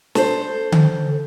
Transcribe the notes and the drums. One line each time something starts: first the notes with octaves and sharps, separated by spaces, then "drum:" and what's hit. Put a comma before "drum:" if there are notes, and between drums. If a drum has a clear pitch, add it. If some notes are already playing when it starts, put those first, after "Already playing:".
A4 C5, drum: snare
drum: tom D3